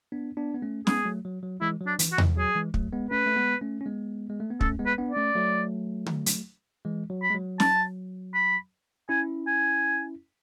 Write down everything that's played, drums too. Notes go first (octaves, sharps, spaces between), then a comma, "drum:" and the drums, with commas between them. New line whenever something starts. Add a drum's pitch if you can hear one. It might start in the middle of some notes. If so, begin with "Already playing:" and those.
B3 D4
B3 D4
B3
A3 C#4
G#3 B3 G#4, drum: snare
F#3 A3
F#3
F#3
E3 G#3 E4
F#3
D4
E3, drum: hi-hat
F#4
E3, drum: tom E2
F#3 G#4
E3 G#3
F#3 A3, drum: kick
G#3 B3
A3 C#4 B4
A3
G#3 B3
A3 C#4
C#4
G#3 B3
G#3
A3
B3
A3 C#4 A4, drum: kick
G#3 B3
B4
B3 D4
D5
A3 C#4
F#3 A3
drum: tom D3
drum: hi-hat
E3 G#3
F#3
B5
G#3
F#3
A5, drum: snare
B5
C#4 E4 G#5
G#5